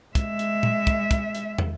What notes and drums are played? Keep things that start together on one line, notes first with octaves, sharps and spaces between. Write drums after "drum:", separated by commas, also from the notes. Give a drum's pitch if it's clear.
G#3 E5, drum: kick, hi-hat
drum: hi-hat
drum: tom A#2
drum: kick, hi-hat
drum: kick, hi-hat
drum: hi-hat
drum: tom